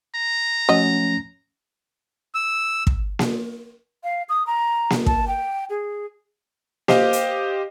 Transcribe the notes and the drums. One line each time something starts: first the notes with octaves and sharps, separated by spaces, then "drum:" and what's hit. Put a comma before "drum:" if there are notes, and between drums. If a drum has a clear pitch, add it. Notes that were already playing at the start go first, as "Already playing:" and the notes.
A#5
F3 F#3 A3 C#4 D#5
E6
drum: kick
drum: snare A#3
F5
D#6
A#5
drum: snare A#3
A5, drum: kick
G5
G#4
G4 C5 D#5 F5, drum: snare A#3
drum: hi-hat